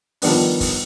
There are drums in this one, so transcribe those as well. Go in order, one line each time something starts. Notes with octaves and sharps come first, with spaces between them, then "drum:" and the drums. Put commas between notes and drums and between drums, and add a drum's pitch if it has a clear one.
D#3 F3 G3 B3 D4, drum: open hi-hat
drum: kick F#1, open hi-hat